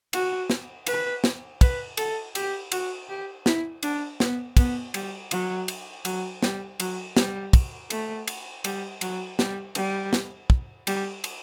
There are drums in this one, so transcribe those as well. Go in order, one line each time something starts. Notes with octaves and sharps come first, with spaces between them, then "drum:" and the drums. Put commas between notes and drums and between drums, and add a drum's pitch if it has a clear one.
F#4, drum: cymbal
drum: snare
B4, drum: cymbal
drum: snare
B4, drum: kick, cymbal
A4, drum: cymbal
G4, drum: cymbal
F#4, drum: cymbal
G4
E4, drum: snare
D4, drum: cymbal
B3, drum: snare
B3, drum: kick, cymbal
G3, drum: cymbal
F#3, drum: cymbal
drum: cymbal
F#3, drum: cymbal
G3, drum: snare
F#3, drum: cymbal
G3, drum: snare
drum: kick, cymbal
A3, drum: cymbal
drum: cymbal
G3, drum: cymbal
F#3, drum: cymbal
G3, drum: snare
G3, drum: cymbal
drum: snare
drum: kick
G3, drum: cymbal
drum: cymbal